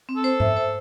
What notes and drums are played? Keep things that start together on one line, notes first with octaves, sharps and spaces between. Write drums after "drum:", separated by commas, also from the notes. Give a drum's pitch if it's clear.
C4
A4
C5
E5, drum: tom G#2
C5